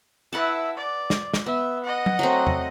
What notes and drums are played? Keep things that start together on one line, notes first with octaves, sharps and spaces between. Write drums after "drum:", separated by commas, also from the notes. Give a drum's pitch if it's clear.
E4 B4 E5 F#5 A5
D5
drum: snare
drum: snare
B3 E5
D#5 F#5
drum: tom F#3
F#3 A3 C4
drum: tom E2